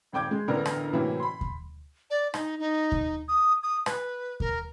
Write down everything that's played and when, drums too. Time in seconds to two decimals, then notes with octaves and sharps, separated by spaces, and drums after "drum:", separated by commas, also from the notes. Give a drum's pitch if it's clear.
0.13 D#1 G#1 G5 D6 G6 G#6
0.31 G#3
0.48 A1 D3 B3 D4 A#4
0.66 drum: rim click
0.93 A2 C3 E3 F#3 A#3
1.20 B5 C6
1.41 drum: kick D#2
2.10 D5
2.34 D#4, drum: rim click
2.59 D#4
2.92 drum: kick D#2
3.28 D#6
3.63 D#6
3.86 B4, drum: rim click
4.40 A#4, drum: kick D#2